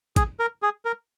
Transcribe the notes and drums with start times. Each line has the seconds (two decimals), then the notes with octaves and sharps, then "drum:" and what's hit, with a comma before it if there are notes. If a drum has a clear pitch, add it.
0.16 G#4, drum: kick, hi-hat
0.40 A#4
0.62 G#4
0.85 A#4